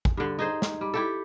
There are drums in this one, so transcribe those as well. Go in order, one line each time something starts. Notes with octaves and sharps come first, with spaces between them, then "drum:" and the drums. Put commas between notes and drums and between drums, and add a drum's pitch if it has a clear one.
drum: kick
G2 D3
D#4 G#4 C5
drum: snare
G3
E4 G4 A4